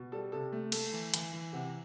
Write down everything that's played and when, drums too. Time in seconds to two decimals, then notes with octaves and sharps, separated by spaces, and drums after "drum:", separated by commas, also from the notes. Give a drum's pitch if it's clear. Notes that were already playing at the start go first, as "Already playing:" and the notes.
Already playing: B2
0.12 G3 A4
0.32 C3 A4
0.52 A3
0.72 A3 A4, drum: cymbal
0.93 E3
1.14 E3, drum: hi-hat
1.33 E3
1.53 C3 F#5